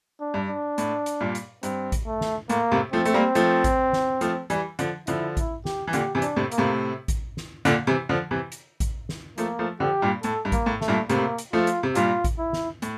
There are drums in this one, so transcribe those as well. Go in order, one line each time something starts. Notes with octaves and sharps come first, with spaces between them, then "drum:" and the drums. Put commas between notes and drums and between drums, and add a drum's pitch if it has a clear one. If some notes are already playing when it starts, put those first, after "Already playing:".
D4
G2
D4
A2, drum: hi-hat
drum: hi-hat
G2 A#2
drum: hi-hat
G2 C4, drum: hi-hat
drum: kick A1, hi-hat
A3
drum: snare
A2 A#3, drum: hi-hat
A2 C3
F3 A3 C4
A3, drum: hi-hat
G3 A#3
F3 A3, drum: hi-hat
drum: kick A1, hi-hat
drum: snare
F3 A3, drum: hi-hat
E3 G3, drum: hi-hat
D3 F3, drum: hi-hat
D3 F3 E4, drum: hi-hat
E4, drum: kick A1, hi-hat
G4, drum: snare
E3
A#2 D3 G4, drum: hi-hat
C3 E3
D4, drum: hi-hat
A2 C3
A#3, drum: hi-hat
A2 C3
drum: kick A1, hi-hat
drum: snare
A#2 D3, drum: hi-hat
C3 E3
D3 F3
C3 E3
drum: hi-hat
drum: kick A1, hi-hat
drum: snare
F3 A3 A#3, drum: hi-hat
F3 A3
D3 F3 G4
G2 A#2
A2 A4, drum: hi-hat
G2
A#3, drum: kick A1, hi-hat
A2
A3, drum: snare
G2 A#2
A2 C3 A#3, drum: hi-hat
drum: hi-hat
F3 A3 F4
drum: hi-hat
C3
G2 A#2 F4, drum: hi-hat
drum: kick A1, hi-hat
E4
drum: snare
A2, drum: hi-hat